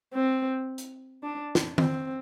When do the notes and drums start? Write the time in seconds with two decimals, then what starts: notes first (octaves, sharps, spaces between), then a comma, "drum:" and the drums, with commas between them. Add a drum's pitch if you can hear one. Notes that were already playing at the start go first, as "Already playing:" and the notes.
0.13 C4
0.78 drum: hi-hat
1.23 D4
1.55 drum: snare
1.78 C4, drum: tom D#3